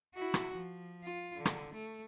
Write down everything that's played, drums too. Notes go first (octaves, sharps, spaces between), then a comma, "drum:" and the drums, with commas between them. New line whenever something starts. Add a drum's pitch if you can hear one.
E4 F#4
drum: rim click
F3
F4
D3
drum: rim click
A3